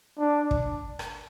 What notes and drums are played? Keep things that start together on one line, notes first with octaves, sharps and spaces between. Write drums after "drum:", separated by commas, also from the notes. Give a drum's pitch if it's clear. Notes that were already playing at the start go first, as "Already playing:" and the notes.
D4
drum: kick
drum: rim click